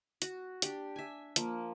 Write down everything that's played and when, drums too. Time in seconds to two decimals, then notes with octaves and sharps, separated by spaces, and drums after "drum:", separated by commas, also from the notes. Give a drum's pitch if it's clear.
0.22 F#4, drum: hi-hat
0.62 D4 G4, drum: hi-hat
0.96 E5 G#5
1.36 F3 A#3, drum: hi-hat